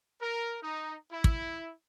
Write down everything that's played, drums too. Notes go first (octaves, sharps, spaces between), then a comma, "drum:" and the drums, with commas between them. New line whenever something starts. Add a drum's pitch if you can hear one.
A#4
D#4
E4
drum: kick